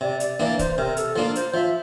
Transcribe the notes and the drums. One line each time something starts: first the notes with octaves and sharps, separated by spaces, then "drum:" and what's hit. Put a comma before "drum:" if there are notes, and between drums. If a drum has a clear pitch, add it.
C3 D5
D5, drum: hi-hat
E3 A#3 D4 D5
C5, drum: kick C#1, hi-hat
C5
C3 A#4
A4, drum: hi-hat
F3 A#3 D4 F4
C5, drum: hi-hat
F3 E5